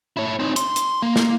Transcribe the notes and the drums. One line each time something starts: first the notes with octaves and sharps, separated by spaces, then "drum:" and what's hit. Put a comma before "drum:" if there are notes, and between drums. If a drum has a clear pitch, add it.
E4 C#5
C4 D#4
C6, drum: hi-hat
drum: hi-hat
A#3
drum: snare